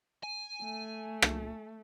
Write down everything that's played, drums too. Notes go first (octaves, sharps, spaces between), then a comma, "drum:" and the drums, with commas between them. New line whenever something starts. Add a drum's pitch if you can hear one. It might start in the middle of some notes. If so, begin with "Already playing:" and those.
G#5
A3
drum: rim click